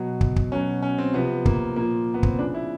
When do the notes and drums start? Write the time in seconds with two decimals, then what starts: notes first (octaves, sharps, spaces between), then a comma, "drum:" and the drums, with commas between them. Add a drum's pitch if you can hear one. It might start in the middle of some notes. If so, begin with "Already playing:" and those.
Already playing: B2 F#3
0.21 drum: kick
0.36 drum: kick
0.52 B2 F#3 C#4
0.83 C#4
0.98 C4
1.14 C3 F3 B3
1.45 A#3, drum: kick
1.76 A#2 F3 A#3
2.14 B3
2.23 C4, drum: kick
2.39 C#3 F3 D4
2.54 E4